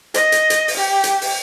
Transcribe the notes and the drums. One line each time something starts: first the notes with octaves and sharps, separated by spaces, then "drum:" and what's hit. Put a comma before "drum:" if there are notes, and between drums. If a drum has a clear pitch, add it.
D#5, drum: hi-hat
drum: hi-hat
drum: hi-hat
drum: open hi-hat
G4
drum: hi-hat
drum: open hi-hat